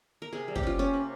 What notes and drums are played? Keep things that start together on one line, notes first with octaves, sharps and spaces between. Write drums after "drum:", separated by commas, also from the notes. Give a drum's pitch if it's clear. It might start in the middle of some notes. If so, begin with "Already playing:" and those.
A#4
C3 G#4
G3
G4, drum: kick
C#4 F4
A#3 C#4
C3